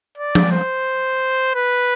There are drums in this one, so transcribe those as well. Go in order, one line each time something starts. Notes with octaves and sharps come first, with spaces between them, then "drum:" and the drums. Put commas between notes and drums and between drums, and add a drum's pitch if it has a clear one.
D5
drum: tom
C5
B4